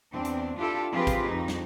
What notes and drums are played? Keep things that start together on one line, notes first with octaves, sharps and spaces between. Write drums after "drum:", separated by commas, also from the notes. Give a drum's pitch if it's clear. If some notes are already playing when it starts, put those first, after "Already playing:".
E2 C4 D4
drum: hi-hat
D4 E4 F4 G4 A4
F3 C4 F4 G4 G#4 B4
drum: kick, hi-hat
F2 D#4
drum: snare